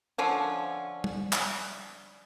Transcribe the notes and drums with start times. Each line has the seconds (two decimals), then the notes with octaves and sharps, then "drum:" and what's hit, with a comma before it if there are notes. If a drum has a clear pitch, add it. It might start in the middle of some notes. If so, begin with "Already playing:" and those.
0.18 D3 F3 C#4
1.04 drum: tom
1.33 drum: clap